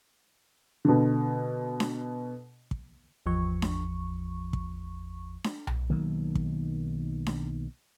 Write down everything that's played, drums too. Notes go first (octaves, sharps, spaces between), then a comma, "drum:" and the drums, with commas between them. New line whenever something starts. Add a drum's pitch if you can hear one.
B2 D3
drum: snare D4
drum: kick
G#1 E2 F3 C#6
drum: snare D4
drum: kick
drum: snare D4
drum: tom B1
B1 D#3 F#3 A#3
drum: kick
drum: snare D4